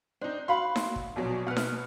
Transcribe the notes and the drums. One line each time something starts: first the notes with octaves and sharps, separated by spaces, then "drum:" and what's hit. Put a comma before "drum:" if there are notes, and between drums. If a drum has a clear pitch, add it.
C4 D4 D#4
F#4 F5 B5 C6
drum: snare D#4
drum: kick
A#1 B2 F#3
B2 B4 F#5 F6
drum: snare D#4